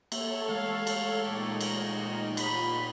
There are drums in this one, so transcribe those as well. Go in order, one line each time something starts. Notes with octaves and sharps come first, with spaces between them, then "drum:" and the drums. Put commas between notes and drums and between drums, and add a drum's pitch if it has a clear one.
A#3 A4 C#5 E5, drum: cymbal
E3 G#3 A3 F5
drum: cymbal
A#2 D#4 G4 A4 C#5
F#4 G#4 A#4, drum: cymbal
B5, drum: cymbal